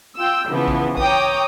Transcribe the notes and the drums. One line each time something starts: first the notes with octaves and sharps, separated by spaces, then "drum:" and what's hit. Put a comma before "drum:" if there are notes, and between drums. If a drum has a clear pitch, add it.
F4 G5 E6
C#3 E3 F3 B3
drum: kick A#1
C#5 G5 A#5 D6 D#6, drum: kick A#1